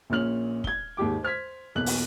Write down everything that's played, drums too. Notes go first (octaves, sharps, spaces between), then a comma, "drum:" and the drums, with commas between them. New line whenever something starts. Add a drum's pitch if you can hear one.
A#1 A#2 C#4 F6 F#7
G#6 G7, drum: kick
D#2 G#2 G4 D6
C5 F6 G#6 B6
B1 E2 B2 A#3 F#6 F#7
drum: open hi-hat